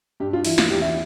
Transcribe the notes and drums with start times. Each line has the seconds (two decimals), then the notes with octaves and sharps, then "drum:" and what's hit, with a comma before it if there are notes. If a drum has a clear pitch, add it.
0.20 G2 G4
0.33 F4
0.45 E3 E4, drum: open hi-hat
0.58 F4, drum: snare
0.70 E2 G4
0.82 E5